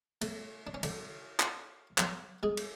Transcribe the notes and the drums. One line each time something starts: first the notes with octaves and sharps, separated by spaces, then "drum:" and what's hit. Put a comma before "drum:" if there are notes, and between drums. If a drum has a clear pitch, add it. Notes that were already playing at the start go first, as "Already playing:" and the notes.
A3, drum: cymbal
D4
C#4
D3 D4, drum: cymbal
drum: clap
F#3 F#4, drum: clap
G#3 G#4
drum: cymbal